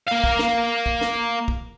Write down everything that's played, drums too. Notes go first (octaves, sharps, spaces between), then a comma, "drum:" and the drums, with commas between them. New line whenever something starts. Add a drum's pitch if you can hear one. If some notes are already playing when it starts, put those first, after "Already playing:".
A#3 F5
drum: kick
drum: snare
drum: kick
drum: snare
drum: kick